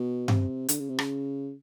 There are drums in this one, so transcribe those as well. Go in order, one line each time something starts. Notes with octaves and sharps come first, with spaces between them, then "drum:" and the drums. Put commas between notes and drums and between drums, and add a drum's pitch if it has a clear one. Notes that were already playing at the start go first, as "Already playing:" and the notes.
Already playing: B2
C3, drum: tom G2
D3, drum: hi-hat
C#3
C3
C#3, drum: rim click